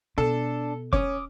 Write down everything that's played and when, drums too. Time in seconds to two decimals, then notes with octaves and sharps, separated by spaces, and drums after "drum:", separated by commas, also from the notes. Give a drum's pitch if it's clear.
0.18 B2 D4 A4 A5
0.93 C#4 D6 D#6, drum: kick